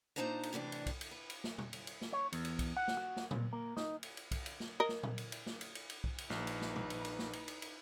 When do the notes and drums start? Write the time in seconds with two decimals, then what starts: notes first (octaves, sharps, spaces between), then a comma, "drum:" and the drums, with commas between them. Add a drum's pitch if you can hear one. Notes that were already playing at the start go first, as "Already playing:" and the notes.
0.16 A#2 D4 D#4 C5 A5 A#5
0.43 drum: cymbal
0.53 A2 C3 E3 D4
0.72 drum: cymbal
0.86 drum: kick B1, cymbal
1.01 drum: cymbal
1.11 B4
1.30 drum: cymbal
1.44 drum: snare
1.58 drum: tom
1.73 drum: cymbal
1.87 drum: cymbal
2.01 drum: snare
2.13 C#5
2.32 E2, drum: cymbal
2.45 drum: cymbal
2.59 drum: kick B1, cymbal
2.77 F#5
2.88 drum: snare
2.97 F#4
3.16 drum: snare
3.31 A#2, drum: tom A#2
3.53 A#3
3.77 D#4, drum: snare
4.03 drum: cymbal
4.17 drum: cymbal
4.31 drum: kick B1, cymbal
4.46 drum: cymbal
4.60 drum: snare
4.80 A#4 D#5
4.89 drum: snare
5.03 drum: tom A#2
5.18 drum: cymbal
5.32 drum: cymbal
5.46 drum: snare
5.61 drum: cymbal
5.75 drum: cymbal
5.90 drum: cymbal
6.04 drum: kick B1
6.18 drum: cymbal
6.30 A#1 D#4 B4, drum: snare
6.47 drum: cymbal
6.61 drum: snare
6.76 drum: tom
6.90 drum: cymbal
7.05 drum: cymbal
7.19 drum: snare
7.33 drum: cymbal
7.48 drum: cymbal
7.62 drum: cymbal